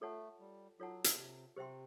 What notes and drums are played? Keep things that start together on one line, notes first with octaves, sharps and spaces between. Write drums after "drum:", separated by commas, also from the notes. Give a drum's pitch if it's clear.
A3 F4 A4 C#5 F#5 A5
G3
F#3 F4 A4 C#5 F#5 A5
drum: hi-hat
C3
C3 G4 C5 E5 G5 C6